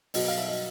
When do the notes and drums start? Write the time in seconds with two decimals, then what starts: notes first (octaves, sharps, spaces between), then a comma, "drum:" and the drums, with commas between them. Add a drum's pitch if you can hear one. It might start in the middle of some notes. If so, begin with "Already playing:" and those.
0.14 B2 F#3 D#5, drum: open hi-hat
0.28 F5
0.38 E5
0.47 D#5